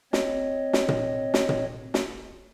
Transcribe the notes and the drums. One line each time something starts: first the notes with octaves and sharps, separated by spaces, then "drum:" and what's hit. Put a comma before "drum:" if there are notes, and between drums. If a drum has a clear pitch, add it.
C4 C#5 D#5, drum: snare
drum: snare
drum: tom A#2
drum: snare
drum: tom A#2
drum: snare